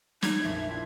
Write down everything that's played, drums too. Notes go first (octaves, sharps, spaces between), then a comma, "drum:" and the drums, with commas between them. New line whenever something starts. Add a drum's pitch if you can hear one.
D#4 G#6, drum: snare
A#1 F2 E5
C4 D4 E4